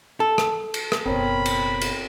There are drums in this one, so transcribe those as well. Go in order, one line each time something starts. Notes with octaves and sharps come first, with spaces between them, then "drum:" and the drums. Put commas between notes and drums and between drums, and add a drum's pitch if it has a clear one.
A4
drum: rim click
drum: cymbal
drum: rim click
F#1 B2 C4 A#4 C#5 B5
drum: cymbal
drum: cymbal